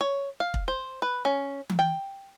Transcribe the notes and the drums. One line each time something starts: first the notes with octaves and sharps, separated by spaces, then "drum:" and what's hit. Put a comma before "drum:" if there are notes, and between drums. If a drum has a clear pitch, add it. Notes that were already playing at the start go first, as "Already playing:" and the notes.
C#5
F5
drum: kick
C5
B4
C#4
drum: tom E3
G5